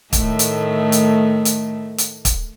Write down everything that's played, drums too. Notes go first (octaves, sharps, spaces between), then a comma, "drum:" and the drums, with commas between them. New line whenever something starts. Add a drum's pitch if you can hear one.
A2 D#3 A3, drum: kick, hi-hat
drum: hi-hat
drum: hi-hat
drum: hi-hat
drum: hi-hat
drum: kick, hi-hat